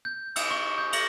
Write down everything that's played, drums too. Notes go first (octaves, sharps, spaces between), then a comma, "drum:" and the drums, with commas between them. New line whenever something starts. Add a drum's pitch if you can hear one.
G6
E6, drum: cymbal
C#6
G6
F7, drum: cymbal